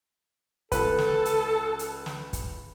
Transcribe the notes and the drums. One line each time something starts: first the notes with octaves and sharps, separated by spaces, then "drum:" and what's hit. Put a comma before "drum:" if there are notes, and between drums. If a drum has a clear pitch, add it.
C#2 A4 B4, drum: kick, hi-hat
drum: snare
drum: hi-hat
drum: hi-hat
drum: snare
drum: kick, hi-hat